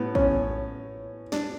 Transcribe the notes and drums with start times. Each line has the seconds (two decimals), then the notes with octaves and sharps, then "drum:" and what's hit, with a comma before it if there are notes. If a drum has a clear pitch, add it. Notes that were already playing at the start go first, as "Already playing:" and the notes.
Already playing: A2 B3
0.15 C#4, drum: kick
1.32 D4, drum: snare